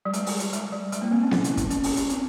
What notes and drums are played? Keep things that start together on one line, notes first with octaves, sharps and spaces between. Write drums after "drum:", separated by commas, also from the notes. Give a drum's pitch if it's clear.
G3
G#3, drum: hi-hat
drum: open hi-hat
drum: hi-hat
G#3, drum: hi-hat
G3
G#3, drum: hi-hat
A#3
C4
C#4
E4, drum: snare B3
drum: hi-hat
drum: kick, hi-hat
C#4, drum: hi-hat
drum: open hi-hat
drum: hi-hat
C4, drum: hi-hat